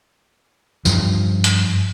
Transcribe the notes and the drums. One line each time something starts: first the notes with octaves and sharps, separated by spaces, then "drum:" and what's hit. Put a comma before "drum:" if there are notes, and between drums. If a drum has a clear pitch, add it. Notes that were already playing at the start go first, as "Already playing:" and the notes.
G2 F3, drum: tambourine
drum: hi-hat